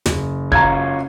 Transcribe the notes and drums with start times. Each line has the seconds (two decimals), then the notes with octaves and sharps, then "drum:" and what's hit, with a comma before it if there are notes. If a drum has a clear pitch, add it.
0.06 F#1, drum: snare
0.52 C#4 F4 F#4 A#5 G#6, drum: kick